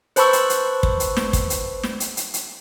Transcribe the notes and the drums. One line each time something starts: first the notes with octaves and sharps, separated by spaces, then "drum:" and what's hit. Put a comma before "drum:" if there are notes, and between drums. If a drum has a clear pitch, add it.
B4 C5 A5 B5 C#6 E6, drum: hi-hat
drum: hi-hat
drum: hi-hat
drum: kick
drum: hi-hat
drum: snare
drum: kick, hi-hat
drum: hi-hat
drum: snare
drum: hi-hat
drum: hi-hat
drum: hi-hat